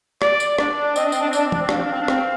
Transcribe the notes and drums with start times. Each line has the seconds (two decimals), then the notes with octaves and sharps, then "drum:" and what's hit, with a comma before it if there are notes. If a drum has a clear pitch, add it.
0.22 D5, drum: rim click
0.40 drum: tambourine
0.59 D4 D5, drum: rim click
0.73 D4
0.96 C4 D#5, drum: tambourine
1.04 D4
1.12 C4, drum: tambourine
1.21 D4
1.28 C4
1.33 D4 D5, drum: tambourine
1.45 C4
1.52 D4, drum: tom
1.60 C4
1.69 D4 F5, drum: rim click
1.77 C4
1.85 D4
1.92 C4
2.01 D4
2.08 C4, drum: rim click